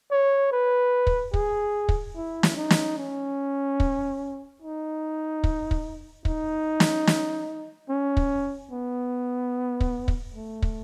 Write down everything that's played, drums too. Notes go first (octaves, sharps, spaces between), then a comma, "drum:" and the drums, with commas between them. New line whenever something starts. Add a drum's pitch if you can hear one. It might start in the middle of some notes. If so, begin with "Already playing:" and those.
C#5
B4
drum: kick
G#4, drum: kick
drum: kick
E4
drum: snare
D#4
drum: snare
C#4
drum: kick
D#4
drum: kick
drum: kick
D#4, drum: kick
drum: snare
drum: snare
C#4
drum: kick
B3
drum: kick
drum: kick
A3
drum: kick